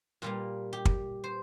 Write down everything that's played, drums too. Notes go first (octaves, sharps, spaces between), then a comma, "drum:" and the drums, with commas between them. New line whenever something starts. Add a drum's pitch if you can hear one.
A#2 G3 A#3 F4
G4
drum: kick
C5